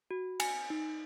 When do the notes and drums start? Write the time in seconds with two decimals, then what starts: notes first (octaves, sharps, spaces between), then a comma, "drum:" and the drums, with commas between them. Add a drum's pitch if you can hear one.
0.11 F#4
0.40 G#5, drum: cymbal
0.70 D#4